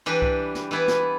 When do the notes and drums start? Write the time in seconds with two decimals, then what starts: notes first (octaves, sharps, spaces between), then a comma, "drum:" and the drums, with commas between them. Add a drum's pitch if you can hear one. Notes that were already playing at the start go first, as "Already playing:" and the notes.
0.06 E3 G3 D4 G4 B4
0.22 drum: kick C2
0.55 drum: snare
0.71 E3 B3 E4 B4
0.88 drum: snare